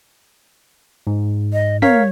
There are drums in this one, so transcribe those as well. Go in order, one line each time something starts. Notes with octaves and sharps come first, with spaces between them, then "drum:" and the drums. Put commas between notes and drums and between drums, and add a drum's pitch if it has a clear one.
G#2
D#5
A#4 C#5 F5 B6, drum: tom